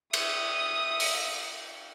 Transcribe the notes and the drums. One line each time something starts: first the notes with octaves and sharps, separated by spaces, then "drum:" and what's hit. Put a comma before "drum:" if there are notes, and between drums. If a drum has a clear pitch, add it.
E5 D#6, drum: cymbal
drum: open hi-hat